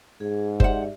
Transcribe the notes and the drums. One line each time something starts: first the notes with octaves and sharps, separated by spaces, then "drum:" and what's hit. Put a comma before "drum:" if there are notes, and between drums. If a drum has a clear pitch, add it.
G#2 G#4
G4 C5 D5 E5 F#5, drum: kick F#1